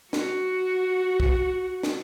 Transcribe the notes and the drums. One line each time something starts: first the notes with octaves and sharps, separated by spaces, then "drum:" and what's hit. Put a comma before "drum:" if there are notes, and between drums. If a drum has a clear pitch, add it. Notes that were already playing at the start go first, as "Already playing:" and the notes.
F#4, drum: snare
drum: kick
drum: snare